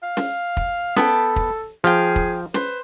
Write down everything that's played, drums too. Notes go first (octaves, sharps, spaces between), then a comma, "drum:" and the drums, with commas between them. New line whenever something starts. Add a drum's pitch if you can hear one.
F5
drum: snare
drum: kick
B3 A4 G5 A5 B5, drum: snare
drum: kick
F3 G#4 F5 G5
drum: kick
B4 C5, drum: snare